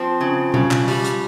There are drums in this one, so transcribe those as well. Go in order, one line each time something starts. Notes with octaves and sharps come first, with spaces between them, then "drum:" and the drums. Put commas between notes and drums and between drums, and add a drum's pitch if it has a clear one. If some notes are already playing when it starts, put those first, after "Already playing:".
Already playing: F3 C4
C#3
C#3, drum: tom B2
drum: clap
G3, drum: open hi-hat
drum: hi-hat